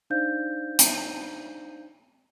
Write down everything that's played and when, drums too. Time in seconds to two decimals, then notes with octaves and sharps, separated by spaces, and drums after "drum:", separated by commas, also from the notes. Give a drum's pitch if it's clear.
0.10 D4 D#4 C5 D5 F5 G6
0.79 drum: hi-hat